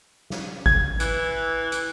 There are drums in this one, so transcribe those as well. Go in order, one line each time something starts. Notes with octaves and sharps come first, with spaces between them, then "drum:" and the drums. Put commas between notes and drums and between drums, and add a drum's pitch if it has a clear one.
drum: snare
G#6, drum: kick G#1
E3, drum: hi-hat
drum: hi-hat